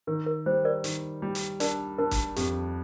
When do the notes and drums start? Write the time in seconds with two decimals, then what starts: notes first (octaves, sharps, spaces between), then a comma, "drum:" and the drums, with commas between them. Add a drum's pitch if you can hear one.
0.07 D#3 A#4
0.26 A#4
0.46 G3 C5
0.65 A#4 D5
0.84 D#3, drum: hi-hat
1.22 G3
1.35 drum: hi-hat
1.60 D4 A#4 D5, drum: hi-hat
1.99 D4 A#4
2.11 drum: kick, hi-hat
2.36 F2 G4, drum: hi-hat